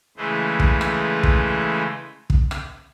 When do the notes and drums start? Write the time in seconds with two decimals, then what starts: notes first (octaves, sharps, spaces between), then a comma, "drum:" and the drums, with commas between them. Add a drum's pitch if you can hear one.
0.17 C#3 E3 G#3 A3 B4 C5
0.60 drum: kick
0.81 drum: rim click
1.23 drum: kick
2.30 drum: kick
2.51 drum: rim click